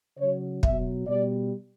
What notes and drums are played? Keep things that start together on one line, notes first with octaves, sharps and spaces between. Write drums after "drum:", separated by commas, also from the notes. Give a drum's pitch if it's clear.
C#3 F#3 C#5
B2 F#3 E5, drum: kick
B2 G3 D5